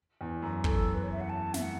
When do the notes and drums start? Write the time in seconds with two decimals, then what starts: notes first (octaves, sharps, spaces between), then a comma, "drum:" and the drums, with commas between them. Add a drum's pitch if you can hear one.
0.21 E2
0.42 F#2
0.64 F#2 A4, drum: kick
0.94 B4
1.03 C#5
1.12 E5
1.21 F#5
1.30 A5
1.54 E5, drum: snare
1.62 F#5